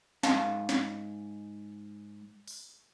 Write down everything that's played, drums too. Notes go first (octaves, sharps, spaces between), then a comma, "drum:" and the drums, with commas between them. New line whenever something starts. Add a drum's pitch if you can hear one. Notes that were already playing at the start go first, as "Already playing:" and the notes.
G#2 F5 A5, drum: snare
drum: snare
drum: open hi-hat